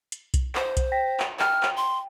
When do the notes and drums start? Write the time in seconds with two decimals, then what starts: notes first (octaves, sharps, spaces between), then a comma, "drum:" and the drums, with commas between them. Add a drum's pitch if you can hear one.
0.12 drum: hi-hat
0.34 drum: kick B1, hi-hat
0.55 C5, drum: clap
0.77 drum: kick B1, hi-hat
0.92 G5 A#6 B6
1.20 drum: clap
1.40 G5 F6, drum: clap
1.63 drum: clap
1.77 C6